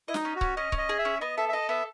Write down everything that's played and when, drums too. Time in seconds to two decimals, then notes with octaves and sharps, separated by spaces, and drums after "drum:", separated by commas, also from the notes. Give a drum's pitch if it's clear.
0.08 E4 D#5
0.14 D#4, drum: snare
0.25 C#4
0.36 F#4
0.41 C#4, drum: kick C#1
0.57 C#4 D#5
0.72 C#4, drum: kick C#1
0.78 D#5
0.89 G#4
0.99 E5
1.05 C#4
1.21 B3 D#5
1.37 A4 E5
1.49 E5
1.53 A4 D#5
1.69 B3 E5